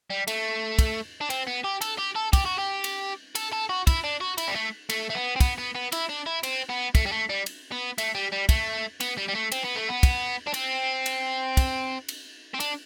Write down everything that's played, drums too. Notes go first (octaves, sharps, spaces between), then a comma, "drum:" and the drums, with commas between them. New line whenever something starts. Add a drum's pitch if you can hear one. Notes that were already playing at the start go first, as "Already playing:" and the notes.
G3
A3, drum: cymbal
drum: kick, cymbal
D4
C4, drum: cymbal
B3
G4
A4, drum: cymbal
G4
A4
G4, drum: kick, cymbal
F#4
G4
drum: cymbal
A4, drum: cymbal
A4
F#4
E4, drum: kick, cymbal
D4
F#4
E4, drum: cymbal
G3
A3
A3, drum: cymbal
A3
B3
C4
B3, drum: kick, cymbal
B3
B3
E4, drum: cymbal
D4
E4
C4, drum: cymbal
B3
A3, drum: kick, cymbal
G3
A3
G3
drum: cymbal
B3
A3, drum: cymbal
G3
G3
A3, drum: kick, cymbal
B3, drum: cymbal
G3
G3
A3
C4, drum: cymbal
B3
A3
B3
drum: kick, cymbal
D4
C4, drum: cymbal
drum: cymbal
drum: kick, cymbal
drum: cymbal
C4
D4, drum: cymbal